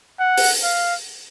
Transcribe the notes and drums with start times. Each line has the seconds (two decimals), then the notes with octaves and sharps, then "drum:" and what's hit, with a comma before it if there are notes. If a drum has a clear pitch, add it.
0.20 F#5
0.37 drum: open hi-hat
0.64 F5